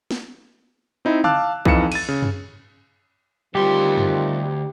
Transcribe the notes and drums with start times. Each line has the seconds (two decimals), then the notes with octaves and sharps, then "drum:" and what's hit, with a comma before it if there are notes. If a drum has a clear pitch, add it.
0.11 drum: snare
1.05 C4 D#4 E4
1.24 F5 A5 D6 E6 F#6, drum: tom C#3
1.65 F2 E3 D#4 F5 C#7 E7, drum: kick B1
1.92 A6 D#7, drum: cymbal
2.08 C#3
2.22 drum: tom F#2
3.55 D2 D#3 G3 C4 F4 G4 C6
3.98 drum: tom F#2